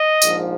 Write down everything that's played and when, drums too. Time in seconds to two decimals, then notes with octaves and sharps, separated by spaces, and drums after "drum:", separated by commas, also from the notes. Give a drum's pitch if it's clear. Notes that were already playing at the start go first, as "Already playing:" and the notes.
Already playing: D#5
0.22 A#1 G#2 F3, drum: tambourine